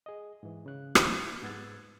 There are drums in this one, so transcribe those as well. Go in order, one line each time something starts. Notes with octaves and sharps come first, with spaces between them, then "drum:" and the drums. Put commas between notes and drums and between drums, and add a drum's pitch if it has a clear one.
G#4 D#5
G#2 E3
C#3 F#6
drum: rim click
G#2 B3 E6 F#6 G#6 A6